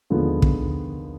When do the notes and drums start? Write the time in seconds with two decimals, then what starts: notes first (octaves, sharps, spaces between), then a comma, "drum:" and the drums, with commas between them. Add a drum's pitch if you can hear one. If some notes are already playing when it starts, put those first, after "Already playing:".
0.10 D#2 D3 F3 G#3 B3
0.42 drum: kick